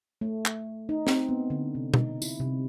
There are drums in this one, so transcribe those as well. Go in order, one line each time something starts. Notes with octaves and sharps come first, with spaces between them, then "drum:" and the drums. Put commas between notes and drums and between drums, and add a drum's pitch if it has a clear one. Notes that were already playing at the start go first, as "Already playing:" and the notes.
A3
drum: clap
D#4
C4, drum: snare
B3
D3
C3
D#4, drum: tom
E4, drum: tambourine
C3